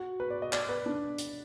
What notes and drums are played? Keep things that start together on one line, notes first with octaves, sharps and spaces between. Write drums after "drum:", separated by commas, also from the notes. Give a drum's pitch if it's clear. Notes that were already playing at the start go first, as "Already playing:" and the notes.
Already playing: F#4
B4
D5
D#5
D5, drum: clap
B4
D4
drum: hi-hat